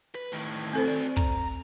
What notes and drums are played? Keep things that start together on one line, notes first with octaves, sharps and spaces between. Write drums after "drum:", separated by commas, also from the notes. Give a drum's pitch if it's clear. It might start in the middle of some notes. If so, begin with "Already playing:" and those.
B4
A2 D#3
C4 A4 C5
F#4 D5
A#5, drum: kick